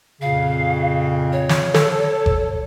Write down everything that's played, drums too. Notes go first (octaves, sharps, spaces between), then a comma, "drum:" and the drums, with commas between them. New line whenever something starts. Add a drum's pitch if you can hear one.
F2 A#2 C#3 F5
C#5
drum: snare
A4, drum: snare
drum: kick F#1